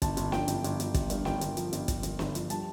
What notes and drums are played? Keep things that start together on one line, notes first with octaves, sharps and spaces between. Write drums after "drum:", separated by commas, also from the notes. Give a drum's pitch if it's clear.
G1 A5, drum: kick, hi-hat
G1, drum: hi-hat
F3 G5, drum: snare
G1, drum: hi-hat
G1, drum: hi-hat
G1, drum: hi-hat
G1, drum: kick, hi-hat
G2, drum: hi-hat
G1 G5, drum: snare
G1, drum: hi-hat
F3, drum: hi-hat
G1, drum: hi-hat
F3, drum: kick, hi-hat
G1, drum: hi-hat
G1, drum: snare
F3, drum: hi-hat
G3 A5, drum: hi-hat